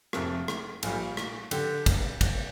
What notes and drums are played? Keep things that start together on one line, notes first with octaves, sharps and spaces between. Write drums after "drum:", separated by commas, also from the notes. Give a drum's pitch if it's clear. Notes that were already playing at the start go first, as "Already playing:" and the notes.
F1 F2 C3 F3 A#4, drum: rim click
drum: rim click
A#1 A#2 G3 F4, drum: cymbal
drum: rim click
D3 G4, drum: cymbal
drum: kick, cymbal
drum: kick, cymbal